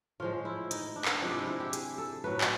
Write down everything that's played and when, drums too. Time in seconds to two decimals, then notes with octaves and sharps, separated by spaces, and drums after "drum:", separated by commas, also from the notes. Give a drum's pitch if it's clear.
0.20 A2 F3 G#3 F4
0.45 E4
0.71 D#4, drum: hi-hat
0.96 D4
1.05 drum: clap
1.22 C3 F3 G#3 D4
1.35 E4
1.47 E4
1.60 G4
1.73 G#4, drum: hi-hat
1.98 A4
2.24 A2 F#3 A3 B4
2.41 drum: clap